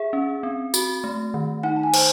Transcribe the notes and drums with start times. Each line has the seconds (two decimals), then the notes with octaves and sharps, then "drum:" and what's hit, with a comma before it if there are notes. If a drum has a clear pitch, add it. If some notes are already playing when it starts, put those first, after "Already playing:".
Already playing: G#4 E5
0.13 C#4
0.43 C4
0.74 F#4, drum: tambourine
1.04 A3
1.34 D#3
1.63 D#4 F#5
1.76 A5
1.83 G#5
1.94 C5, drum: cymbal